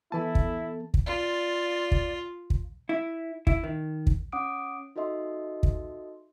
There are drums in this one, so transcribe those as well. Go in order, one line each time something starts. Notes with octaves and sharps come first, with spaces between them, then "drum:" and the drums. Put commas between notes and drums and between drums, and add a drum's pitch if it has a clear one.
E3 B3 E4 A4 A5
drum: kick
drum: kick
F4 D5
drum: kick
drum: kick
E4
E4, drum: kick
D#3
drum: kick
C#4 F#5 D6 D#6 D7
D#4 F#4 A4 D#5 E5 C6
drum: kick